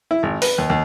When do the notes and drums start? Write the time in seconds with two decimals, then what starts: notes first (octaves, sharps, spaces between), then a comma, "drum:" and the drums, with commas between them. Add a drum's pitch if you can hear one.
0.11 E4
0.23 G#1
0.42 B4, drum: open hi-hat
0.58 D#2
0.70 D#2